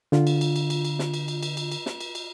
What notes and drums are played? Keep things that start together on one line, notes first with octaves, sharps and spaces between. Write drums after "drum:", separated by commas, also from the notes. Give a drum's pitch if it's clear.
D3 F4, drum: snare
drum: cymbal
drum: cymbal
drum: cymbal
drum: cymbal
drum: cymbal
drum: snare
drum: cymbal
drum: cymbal
drum: cymbal
drum: cymbal
drum: cymbal
drum: snare
drum: cymbal
drum: cymbal